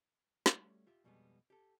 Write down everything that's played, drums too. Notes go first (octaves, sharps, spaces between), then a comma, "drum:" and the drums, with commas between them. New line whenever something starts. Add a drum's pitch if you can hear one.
G3 A3 C#4 F#4 G4, drum: snare
F4 G4 E5
F2 B2 G3 G#3 B3
G4 A4